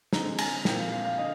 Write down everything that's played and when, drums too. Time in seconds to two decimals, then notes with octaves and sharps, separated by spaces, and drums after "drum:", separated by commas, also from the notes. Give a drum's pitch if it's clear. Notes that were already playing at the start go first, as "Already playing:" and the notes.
0.13 D3 G#3 C4 A#5, drum: snare
0.38 G#5, drum: cymbal
0.65 A#2 F3 C4 G5, drum: snare
0.79 F5
0.92 F5
1.05 F5
1.18 D3 D#5